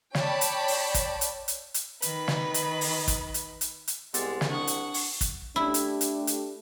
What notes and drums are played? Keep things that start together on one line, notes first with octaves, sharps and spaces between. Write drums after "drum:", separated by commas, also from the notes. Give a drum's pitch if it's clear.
C#5 D5 G5 A5 B5, drum: snare
drum: hi-hat
drum: open hi-hat
drum: kick, hi-hat
drum: hi-hat
drum: hi-hat
drum: hi-hat
D#3 B4 B5, drum: hi-hat
drum: snare
drum: hi-hat
drum: open hi-hat
drum: kick, hi-hat
drum: hi-hat
drum: hi-hat
drum: hi-hat
C2 G#3 B3 G4 A6, drum: hi-hat
drum: snare
D4 F#5 C#6 D#6
drum: hi-hat
drum: open hi-hat
drum: kick, hi-hat
A3 D4 E4 G4
drum: hi-hat
drum: hi-hat
drum: hi-hat